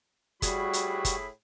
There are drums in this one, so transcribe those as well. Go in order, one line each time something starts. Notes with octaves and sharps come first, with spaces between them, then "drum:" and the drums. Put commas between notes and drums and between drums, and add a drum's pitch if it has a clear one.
A2 G3 F#4 G#4 B5, drum: kick F#1, hi-hat
drum: hi-hat
drum: kick F#1, hi-hat